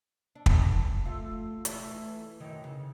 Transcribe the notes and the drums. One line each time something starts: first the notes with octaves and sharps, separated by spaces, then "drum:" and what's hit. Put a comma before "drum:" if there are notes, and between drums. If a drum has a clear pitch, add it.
D4
drum: kick
A3 F4
E3 A3, drum: hi-hat
F#2 D#3 E3
C#3